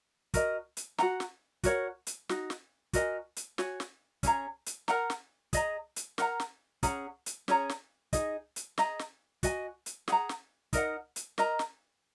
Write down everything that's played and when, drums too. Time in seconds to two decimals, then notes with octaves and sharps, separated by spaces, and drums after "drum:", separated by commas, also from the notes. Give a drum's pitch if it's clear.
0.34 F#4 A#4 D#5, drum: kick, hi-hat
0.77 drum: hi-hat
0.98 F#4 A#4 F#5 A#5, drum: snare
1.20 drum: snare
1.63 F#4 A#4 C#5 F#5, drum: kick, hi-hat
2.07 drum: hi-hat
2.29 D#4 F#4, drum: snare
2.50 drum: snare
2.93 F#4 A#4 D#5 G#5, drum: kick, hi-hat
3.36 drum: hi-hat
3.58 F#4 C#5 G#5, drum: snare
3.80 drum: snare
4.23 C#4 G#4 C#5 A#5, drum: kick, hi-hat
4.66 drum: hi-hat
4.88 A#4 F#5 A#5, drum: snare
5.10 drum: snare
5.53 G#4 D#5 A#5, drum: kick, hi-hat
5.96 drum: hi-hat
6.18 A#4 F#5 A#5, drum: snare
6.40 drum: snare
6.83 C#4 G#4 F#5 A#5, drum: kick, hi-hat
7.26 drum: hi-hat
7.48 C#4 G#4 C#5 A#5, drum: snare
7.69 drum: snare
8.13 D#4 G#4 D#5, drum: kick, hi-hat
8.56 drum: hi-hat
8.78 G#4 D#5 A#5, drum: snare
8.99 drum: snare
9.43 F#4 D#5 G#5, drum: kick, hi-hat
9.86 drum: hi-hat
10.08 G#4 F#5 A#5, drum: snare
10.29 drum: snare
10.73 D#4 A#4 D#5 F#5, drum: kick, hi-hat
11.16 drum: hi-hat
11.38 A#4 D#5 A#5, drum: snare
11.59 drum: snare